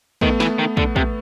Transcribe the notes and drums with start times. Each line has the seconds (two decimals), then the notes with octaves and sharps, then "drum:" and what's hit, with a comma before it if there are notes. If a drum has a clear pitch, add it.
0.21 D#3 A3 B3, drum: kick
0.40 E3, drum: snare
0.59 D#3
0.77 D3, drum: kick
0.96 C3, drum: kick